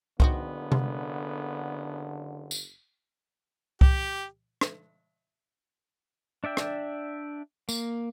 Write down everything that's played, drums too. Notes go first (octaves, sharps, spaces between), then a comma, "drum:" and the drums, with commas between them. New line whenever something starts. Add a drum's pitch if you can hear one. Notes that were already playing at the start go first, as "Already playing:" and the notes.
F#1 D3 B3 C4 D#4 F#4, drum: kick C2
drum: tom C3
drum: tambourine
G4, drum: kick C2
drum: rim click
D4 D5 E5 G5
drum: rim click
A#3, drum: tambourine